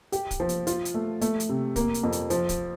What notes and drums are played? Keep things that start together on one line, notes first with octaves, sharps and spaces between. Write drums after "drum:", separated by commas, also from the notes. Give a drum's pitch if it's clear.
G4, drum: hi-hat
drum: kick, hi-hat
F3
drum: hi-hat
F4, drum: hi-hat
drum: hi-hat
A3
A3, drum: hi-hat
drum: hi-hat
C3
A#3, drum: kick, hi-hat
drum: hi-hat
F2
drum: hi-hat
F3, drum: hi-hat
drum: kick, hi-hat